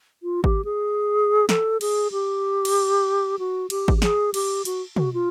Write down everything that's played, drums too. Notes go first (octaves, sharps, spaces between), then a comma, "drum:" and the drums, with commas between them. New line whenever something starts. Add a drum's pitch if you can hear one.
F4
G4, drum: kick G#1
G#4
A4, drum: snare
G#4, drum: cymbal
G4
drum: cymbal
F#4
G4, drum: cymbal
drum: kick G#1
G4
G#4, drum: snare
G4, drum: cymbal
F#4, drum: hi-hat
F#4, drum: tom
F4